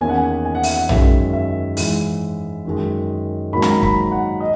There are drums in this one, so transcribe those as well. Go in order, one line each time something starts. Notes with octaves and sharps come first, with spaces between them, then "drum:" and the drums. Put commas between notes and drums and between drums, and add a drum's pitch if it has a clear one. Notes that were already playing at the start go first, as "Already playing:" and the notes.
E2 D#3 A#3 C#4 G#5
F#5
G#5
G#5
F#5
E5, drum: open hi-hat
F#5
F#2 D#3 G#3 C#4 E5, drum: tom A#1
E5
G#2 E3 G#3, drum: open hi-hat
F#2 D#3 G#3
G#2 D#3 F#3 A#3 B5
A#5, drum: snare
B5
B5, drum: kick
F#5
D#5